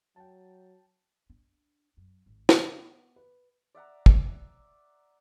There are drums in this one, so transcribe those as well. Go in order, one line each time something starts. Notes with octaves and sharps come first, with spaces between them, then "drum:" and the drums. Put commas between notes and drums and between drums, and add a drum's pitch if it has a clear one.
F#3 G5 A5
D4
F#2
G#1
drum: snare
B3
B4
D5 E5 F#5 A#5
drum: kick